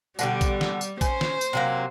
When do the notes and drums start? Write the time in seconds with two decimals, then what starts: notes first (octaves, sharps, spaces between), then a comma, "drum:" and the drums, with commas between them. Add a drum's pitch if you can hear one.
0.19 B2 D3 G3 G4, drum: tambourine
0.41 drum: kick, tambourine
0.61 drum: snare
0.81 drum: tambourine
1.01 C#4 C5, drum: kick, tambourine
1.21 drum: snare
1.41 drum: tambourine
1.53 C3 F#3 A#3